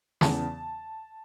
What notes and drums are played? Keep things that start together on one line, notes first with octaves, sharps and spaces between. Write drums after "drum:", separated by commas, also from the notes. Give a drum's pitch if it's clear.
E2 C#3 E3 B3 A5, drum: snare